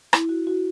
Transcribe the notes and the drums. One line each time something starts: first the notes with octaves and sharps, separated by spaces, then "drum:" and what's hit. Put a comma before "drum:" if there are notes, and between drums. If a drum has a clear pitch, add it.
E4, drum: rim click
F#4
F#4